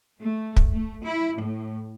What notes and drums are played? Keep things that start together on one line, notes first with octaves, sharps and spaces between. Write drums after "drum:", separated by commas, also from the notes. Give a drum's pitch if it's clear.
A3
drum: kick
A3
E4
A2